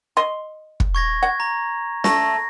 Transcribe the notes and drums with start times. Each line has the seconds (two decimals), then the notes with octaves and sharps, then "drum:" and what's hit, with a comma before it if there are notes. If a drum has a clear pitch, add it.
0.17 D#5 C6
0.80 drum: kick
0.95 C#6 G#6 A#6
1.23 F#5 G#6
1.40 A#5
2.04 A3 A#6, drum: snare